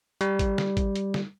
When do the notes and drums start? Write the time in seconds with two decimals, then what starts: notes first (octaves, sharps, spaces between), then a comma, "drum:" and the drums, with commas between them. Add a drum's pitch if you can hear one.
0.21 G3, drum: hi-hat
0.39 drum: kick G#1, hi-hat
0.58 drum: snare
0.77 drum: kick G#1, hi-hat
0.96 drum: hi-hat
1.14 drum: snare